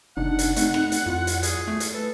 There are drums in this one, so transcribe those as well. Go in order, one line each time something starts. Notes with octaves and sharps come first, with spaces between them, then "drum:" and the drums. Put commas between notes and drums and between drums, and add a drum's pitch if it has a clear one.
F#1 C3 D4 D#4 F#5
drum: hi-hat
A3 C4 D#4, drum: hi-hat
drum: rim click
drum: hi-hat
F2 E4 F4
drum: hi-hat
G#4, drum: hi-hat
A3
drum: hi-hat
A4 B4